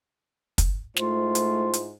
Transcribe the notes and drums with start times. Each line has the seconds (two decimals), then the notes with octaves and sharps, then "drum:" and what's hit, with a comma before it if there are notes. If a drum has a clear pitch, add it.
0.58 drum: kick, hi-hat
0.96 G#2 A3 E4 F4 C5, drum: snare
1.35 drum: hi-hat
1.73 drum: hi-hat